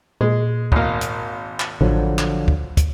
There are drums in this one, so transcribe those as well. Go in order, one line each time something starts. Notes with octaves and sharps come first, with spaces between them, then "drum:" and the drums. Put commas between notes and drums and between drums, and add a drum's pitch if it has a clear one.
A#2 G#3
G#1 A#3, drum: kick
drum: hi-hat
drum: clap
A1 D3 F3 F#3
drum: clap
drum: kick
drum: kick, hi-hat